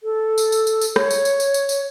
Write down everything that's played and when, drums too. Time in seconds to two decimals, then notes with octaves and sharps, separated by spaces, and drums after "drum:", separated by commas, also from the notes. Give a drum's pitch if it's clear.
0.03 A4
0.38 drum: tambourine
0.52 drum: tambourine
0.67 drum: tambourine
0.81 drum: tambourine
0.96 C#5, drum: rim click
1.11 drum: tambourine
1.25 drum: tambourine
1.40 drum: tambourine
1.54 drum: tambourine
1.69 drum: tambourine